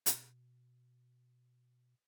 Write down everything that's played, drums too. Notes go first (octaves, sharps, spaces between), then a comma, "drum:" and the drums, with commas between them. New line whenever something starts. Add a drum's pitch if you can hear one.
B2, drum: hi-hat